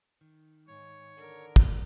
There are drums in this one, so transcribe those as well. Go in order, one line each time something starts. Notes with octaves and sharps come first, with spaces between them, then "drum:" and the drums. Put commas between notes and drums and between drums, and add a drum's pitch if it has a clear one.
D#3
G#2 C#5
D3 A#4
drum: kick